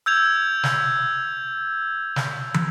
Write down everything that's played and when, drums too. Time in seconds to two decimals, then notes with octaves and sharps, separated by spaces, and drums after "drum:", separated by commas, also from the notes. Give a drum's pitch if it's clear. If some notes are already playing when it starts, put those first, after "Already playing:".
0.06 E6 G6 G#6 F7
0.63 drum: snare
2.16 drum: snare
2.54 drum: tom